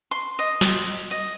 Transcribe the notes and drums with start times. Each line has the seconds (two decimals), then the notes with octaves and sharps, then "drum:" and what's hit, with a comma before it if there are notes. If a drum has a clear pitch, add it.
0.11 C6
0.39 D#5, drum: hi-hat
0.61 drum: snare
0.84 drum: hi-hat
1.11 D#5